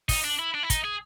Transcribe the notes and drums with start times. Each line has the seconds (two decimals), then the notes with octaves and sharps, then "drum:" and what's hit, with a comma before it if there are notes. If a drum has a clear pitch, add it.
0.09 D#4, drum: kick, open hi-hat
0.24 D4
0.39 E4
0.54 D4
0.63 E4
0.70 D#4, drum: kick, hi-hat
0.84 G#4